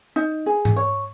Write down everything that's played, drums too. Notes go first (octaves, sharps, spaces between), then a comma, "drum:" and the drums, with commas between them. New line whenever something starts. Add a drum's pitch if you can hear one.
D#4
G#4
drum: tom G#2
C#5